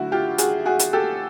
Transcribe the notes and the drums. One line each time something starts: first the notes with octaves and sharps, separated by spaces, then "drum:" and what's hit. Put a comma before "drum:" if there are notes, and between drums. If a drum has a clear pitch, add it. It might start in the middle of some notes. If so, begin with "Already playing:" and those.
Already playing: D3 F#3 A3 E4 F#4
F4 G4
F#4 G#4, drum: hi-hat
F#4 G#4
drum: hi-hat
G4 A4